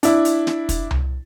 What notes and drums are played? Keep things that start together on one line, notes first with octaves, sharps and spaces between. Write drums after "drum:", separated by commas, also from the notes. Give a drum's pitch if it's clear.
D4 E4, drum: hi-hat
drum: hi-hat
drum: snare
drum: kick, hi-hat
drum: tom C2